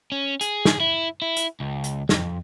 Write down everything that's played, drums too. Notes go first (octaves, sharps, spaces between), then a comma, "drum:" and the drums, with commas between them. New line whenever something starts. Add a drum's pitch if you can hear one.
C#4
G#4, drum: hi-hat
drum: snare
E4
E4
drum: hi-hat
C#2
drum: hi-hat
F2, drum: snare